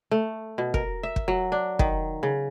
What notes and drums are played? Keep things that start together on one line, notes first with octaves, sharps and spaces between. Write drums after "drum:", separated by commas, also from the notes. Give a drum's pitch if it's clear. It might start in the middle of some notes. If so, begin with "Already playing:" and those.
A3
B2
A#4, drum: kick
E5
drum: kick
F#3
D4
D#3, drum: kick
C#3